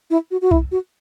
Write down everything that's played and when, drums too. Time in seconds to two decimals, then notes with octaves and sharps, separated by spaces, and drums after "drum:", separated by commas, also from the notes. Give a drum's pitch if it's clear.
0.10 E4
0.31 F#4
0.42 F#4
0.51 E4, drum: kick
0.72 F#4